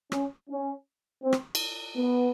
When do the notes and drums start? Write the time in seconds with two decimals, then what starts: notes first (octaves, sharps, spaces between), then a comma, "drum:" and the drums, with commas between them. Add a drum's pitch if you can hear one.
0.12 C#4, drum: rim click
0.49 C#4
1.23 C4
1.33 drum: rim click
1.55 drum: cymbal
1.96 B3